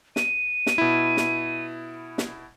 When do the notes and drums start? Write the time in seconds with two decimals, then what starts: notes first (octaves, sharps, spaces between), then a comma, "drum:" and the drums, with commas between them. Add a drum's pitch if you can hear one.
0.16 D#7, drum: snare
0.67 drum: snare
0.78 B2 E4
1.17 drum: snare
2.18 drum: snare